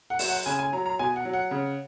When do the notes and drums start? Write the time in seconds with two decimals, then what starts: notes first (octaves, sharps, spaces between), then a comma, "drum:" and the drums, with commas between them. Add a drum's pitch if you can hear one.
0.10 F#5
0.19 F#3, drum: open hi-hat
0.29 F#5
0.46 C#3 G#5
0.59 G#5
0.73 F#3 A#5
0.86 A#5
0.99 B2 G#5
1.16 F#5
1.25 F#3
1.33 F#5
1.51 C#3